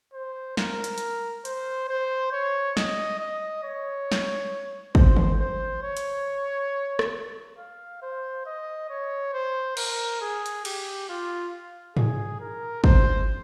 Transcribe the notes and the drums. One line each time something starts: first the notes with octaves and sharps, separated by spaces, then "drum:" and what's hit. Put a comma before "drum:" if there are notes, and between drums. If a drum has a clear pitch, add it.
C5
A#4, drum: snare
drum: hi-hat
drum: hi-hat
C5, drum: hi-hat
C5
C#5
D#5, drum: snare
D#5
C#5
drum: snare
C5, drum: kick
drum: tom D3
C5
C#5
drum: hi-hat
drum: rim click
F5
C5
D#5
C#5
C5
A#4, drum: cymbal
G#4
drum: hi-hat
G4, drum: cymbal
F4
G#4, drum: tom G#2
A#4
C5, drum: kick